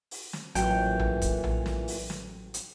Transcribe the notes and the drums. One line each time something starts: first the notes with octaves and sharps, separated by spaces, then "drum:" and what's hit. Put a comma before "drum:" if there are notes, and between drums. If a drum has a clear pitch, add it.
drum: open hi-hat
drum: snare
A1 A#2 E3 F#3 G5, drum: hi-hat
drum: tom A#1
drum: kick, hi-hat
drum: tom A#1
drum: snare
drum: open hi-hat
drum: snare
drum: hi-hat